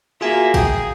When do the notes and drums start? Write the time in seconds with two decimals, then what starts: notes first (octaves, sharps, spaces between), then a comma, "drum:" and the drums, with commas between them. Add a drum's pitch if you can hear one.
0.21 A#3 F4 F#4 G#4 E5 F5 G#5
0.54 G#4 G5, drum: kick, cymbal